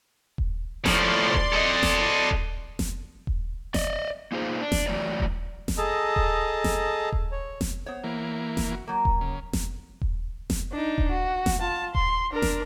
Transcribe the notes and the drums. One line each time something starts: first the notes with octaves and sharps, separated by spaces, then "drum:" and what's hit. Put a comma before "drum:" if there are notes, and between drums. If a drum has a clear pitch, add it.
drum: kick D#1
A2 F3 D5 C6, drum: snare F1
drum: kick D#1
A4 D#5
drum: snare F1
drum: kick D#1
drum: snare F1
drum: kick D#1
D5 D#5, drum: snare F1
A#3 D#4 F4 G#4 A#4 C5
D4
drum: snare F1
E3 F#3 A3 D5
drum: kick D#1
drum: snare F1
G#4 A4 D#5 A5 A#5
drum: kick D#1
drum: snare F1
drum: kick D#1
C#5
drum: snare F1
B3 C5 C#5
E3 A#3
drum: snare F1
F#4
F#3 A#3
drum: kick D#1
C#3
drum: snare F1
drum: kick D#1
drum: snare F1
D4 D#4
drum: kick D#1
F#4
drum: snare F1
F4 A5
C6, drum: kick D#1
D4 A#4
drum: snare F1